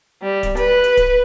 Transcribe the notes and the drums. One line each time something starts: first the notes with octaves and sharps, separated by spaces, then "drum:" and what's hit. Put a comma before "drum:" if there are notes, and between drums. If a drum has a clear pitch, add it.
G3
drum: kick D1, hi-hat
B4, drum: hi-hat
drum: hi-hat
drum: kick D1, hi-hat